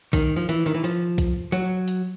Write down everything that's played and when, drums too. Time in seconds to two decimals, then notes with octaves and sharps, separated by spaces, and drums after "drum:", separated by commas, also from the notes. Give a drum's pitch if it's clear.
0.13 D#3, drum: kick B1, hi-hat
0.36 F3
0.49 E3, drum: hi-hat
0.66 D#3
0.74 E3
0.84 F3, drum: hi-hat
1.18 drum: kick B1, hi-hat
1.52 F#3, drum: hi-hat
1.88 drum: hi-hat